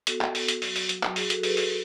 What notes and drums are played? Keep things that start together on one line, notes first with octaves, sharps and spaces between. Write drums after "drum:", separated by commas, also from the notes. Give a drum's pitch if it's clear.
B3 F#4 A4, drum: hi-hat
drum: clap
F#4, drum: open hi-hat
drum: hi-hat
F#3, drum: open hi-hat
drum: open hi-hat
F#3, drum: hi-hat
drum: clap
F#4 G#4, drum: open hi-hat
F#4 A4, drum: hi-hat
F#4 G#4 B4, drum: open hi-hat
F#4 A4, drum: open hi-hat